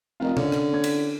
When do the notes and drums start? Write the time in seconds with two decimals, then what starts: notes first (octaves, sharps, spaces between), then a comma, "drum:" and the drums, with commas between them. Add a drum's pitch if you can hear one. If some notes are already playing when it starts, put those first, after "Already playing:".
0.20 F1 F4 A#4 D#5
0.37 D3 C#4, drum: tom
0.52 drum: rim click
0.73 C#4 G#6
0.84 drum: cymbal